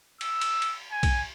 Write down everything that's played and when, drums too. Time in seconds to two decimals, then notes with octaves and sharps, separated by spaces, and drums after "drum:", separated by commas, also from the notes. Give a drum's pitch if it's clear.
0.21 E6, drum: cymbal
0.41 drum: cymbal
0.62 drum: cymbal
0.91 G#5
1.03 drum: kick B1, cymbal